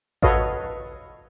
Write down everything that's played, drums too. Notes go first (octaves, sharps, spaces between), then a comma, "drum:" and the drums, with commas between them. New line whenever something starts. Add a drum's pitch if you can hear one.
F#4 A4 B4 C#5 D#5 F5, drum: kick A1